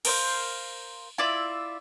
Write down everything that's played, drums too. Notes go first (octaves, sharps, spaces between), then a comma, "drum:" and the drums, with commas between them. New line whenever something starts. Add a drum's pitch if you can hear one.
A#4 C5 F5, drum: cymbal
E4 F4 D5 E5